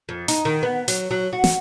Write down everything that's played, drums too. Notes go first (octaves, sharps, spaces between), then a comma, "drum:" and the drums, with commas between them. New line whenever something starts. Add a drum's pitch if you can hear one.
F2
D#4, drum: hi-hat
D#3
B3
F#3, drum: hi-hat
F#3
F#4
drum: snare